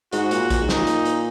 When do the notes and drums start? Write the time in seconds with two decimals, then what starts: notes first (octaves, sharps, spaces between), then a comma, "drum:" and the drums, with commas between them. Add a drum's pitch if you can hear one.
0.13 G#2 F#4, drum: hi-hat
0.31 A#2, drum: hi-hat
0.50 A#2, drum: kick A#1, hi-hat
0.61 G#2
0.69 A#2 D#4, drum: snare
0.87 drum: hi-hat
1.05 drum: hi-hat